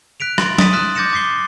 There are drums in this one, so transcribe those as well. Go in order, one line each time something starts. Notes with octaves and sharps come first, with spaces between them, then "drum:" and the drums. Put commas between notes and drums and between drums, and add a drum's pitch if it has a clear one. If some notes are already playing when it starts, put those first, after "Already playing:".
F#6 B6 D7 F7
C6 A6 F#7, drum: rim click
D#6 A6 B6 D#7, drum: snare
D#6 F6 F#6 B6 E7
D6 G6 A6 A#6 C#7 E7
D6 B6 C7 G7